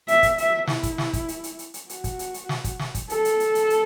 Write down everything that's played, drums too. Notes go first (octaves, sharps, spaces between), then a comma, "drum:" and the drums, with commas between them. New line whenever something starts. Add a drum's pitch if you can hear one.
E5, drum: hi-hat
drum: kick, hi-hat
E5, drum: hi-hat
E4, drum: snare
drum: kick, hi-hat
drum: snare
drum: kick, hi-hat
drum: hi-hat
drum: hi-hat
drum: hi-hat
drum: hi-hat
F#4, drum: hi-hat
drum: kick, hi-hat
drum: hi-hat
drum: hi-hat
drum: snare
drum: kick, hi-hat
drum: snare
drum: kick, hi-hat
A4, drum: hi-hat
drum: hi-hat
drum: hi-hat
drum: hi-hat
drum: hi-hat